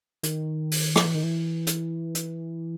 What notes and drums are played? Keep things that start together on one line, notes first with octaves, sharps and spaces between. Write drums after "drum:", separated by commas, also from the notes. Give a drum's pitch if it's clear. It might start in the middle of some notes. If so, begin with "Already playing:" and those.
D#3, drum: hi-hat
drum: open hi-hat
F3, drum: rim click
E3
D#3
E3
drum: hi-hat
drum: hi-hat